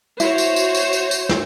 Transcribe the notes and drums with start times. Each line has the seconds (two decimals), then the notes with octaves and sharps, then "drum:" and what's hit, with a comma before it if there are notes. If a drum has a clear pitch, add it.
0.20 E4 F#4 C5 C#5, drum: tambourine
0.38 drum: tambourine
0.56 drum: tambourine
0.75 drum: tambourine
0.93 drum: tambourine
1.11 drum: tambourine
1.29 drum: snare